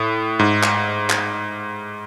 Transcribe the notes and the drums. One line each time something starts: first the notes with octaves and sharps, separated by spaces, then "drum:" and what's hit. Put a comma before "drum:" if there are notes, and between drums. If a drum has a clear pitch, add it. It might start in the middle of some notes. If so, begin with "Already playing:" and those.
Already playing: A2
G#2
drum: clap
drum: clap